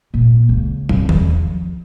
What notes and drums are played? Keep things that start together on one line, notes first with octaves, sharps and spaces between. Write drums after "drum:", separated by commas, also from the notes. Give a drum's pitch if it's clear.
A#2
C#2
F#2 C3, drum: tom
E2, drum: tom D#3
F3